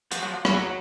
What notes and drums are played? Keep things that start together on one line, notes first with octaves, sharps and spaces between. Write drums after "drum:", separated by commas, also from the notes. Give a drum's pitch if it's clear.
F3 F#4, drum: hi-hat
F#3
F#4
F3
F#4
F#3 G#4, drum: rim click
F#4
D#4